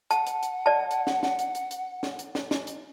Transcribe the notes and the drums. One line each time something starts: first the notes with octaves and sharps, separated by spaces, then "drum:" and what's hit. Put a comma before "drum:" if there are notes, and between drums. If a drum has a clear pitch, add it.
F#5 A5, drum: hi-hat
drum: hi-hat
drum: hi-hat
D5 A5
drum: hi-hat
drum: snare
drum: snare
drum: hi-hat
drum: hi-hat
drum: hi-hat
drum: snare
drum: hi-hat
drum: snare
drum: snare
drum: hi-hat